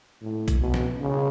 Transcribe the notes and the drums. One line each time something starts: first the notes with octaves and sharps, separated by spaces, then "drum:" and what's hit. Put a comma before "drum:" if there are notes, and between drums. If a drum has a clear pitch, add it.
A2
drum: kick A#1, hi-hat
B2
drum: snare
C#3